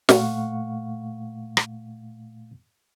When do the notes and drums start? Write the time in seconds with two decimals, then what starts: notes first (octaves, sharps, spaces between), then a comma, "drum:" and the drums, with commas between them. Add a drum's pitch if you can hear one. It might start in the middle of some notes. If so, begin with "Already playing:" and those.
0.09 A#2 A3 F5 F#5 C#6, drum: snare
1.57 drum: rim click